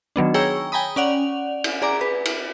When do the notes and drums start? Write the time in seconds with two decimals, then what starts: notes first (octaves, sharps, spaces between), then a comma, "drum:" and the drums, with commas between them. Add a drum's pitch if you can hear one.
0.16 D#3 F#3 B3 D4
0.34 G#4 C#5 G5 A#5 C#6 E6
0.72 G5 G#5 A#5 B5 D#6
0.96 C#4 D5 F#5 F7
1.64 drum: cymbal
1.82 G#4 D5 A#5 D6
2.01 B4
2.25 drum: cymbal